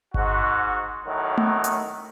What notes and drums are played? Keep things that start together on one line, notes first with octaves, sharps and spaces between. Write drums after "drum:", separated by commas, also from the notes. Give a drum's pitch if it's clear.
G#2 F#4, drum: kick G1
A2 D#3 F#3
drum: tom A3
drum: hi-hat